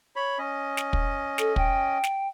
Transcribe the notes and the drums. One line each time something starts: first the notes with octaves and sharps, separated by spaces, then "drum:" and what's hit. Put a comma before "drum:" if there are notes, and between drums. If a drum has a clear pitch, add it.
C#5 B5
C#4 D#5
drum: snare
drum: kick
A4, drum: snare
G5, drum: kick
drum: snare